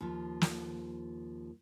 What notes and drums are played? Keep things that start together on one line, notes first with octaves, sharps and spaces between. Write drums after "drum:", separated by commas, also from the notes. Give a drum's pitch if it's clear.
D#2 F3
drum: snare